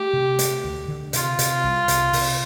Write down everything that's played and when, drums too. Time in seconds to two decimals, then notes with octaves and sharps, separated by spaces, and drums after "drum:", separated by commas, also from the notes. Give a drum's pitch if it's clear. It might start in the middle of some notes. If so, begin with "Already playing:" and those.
Already playing: A3 G4
0.13 C3
0.39 A3, drum: hi-hat
0.64 D2
0.88 D3
1.13 C3 F4, drum: hi-hat
1.39 C3, drum: hi-hat
1.64 C2
1.88 C3, drum: hi-hat
2.13 C3, drum: open hi-hat